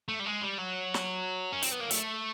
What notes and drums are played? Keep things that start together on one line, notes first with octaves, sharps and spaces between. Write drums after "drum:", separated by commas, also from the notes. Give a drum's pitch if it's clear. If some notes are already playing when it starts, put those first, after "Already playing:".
A3
G3
G#3
G3
F#3
drum: snare
C#4
C4, drum: hi-hat
B3
A#3
A3, drum: hi-hat